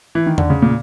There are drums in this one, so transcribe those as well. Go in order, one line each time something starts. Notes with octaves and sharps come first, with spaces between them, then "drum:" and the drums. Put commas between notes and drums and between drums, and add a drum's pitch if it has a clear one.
E3
D#3
D3, drum: tom E2
C#3
A#2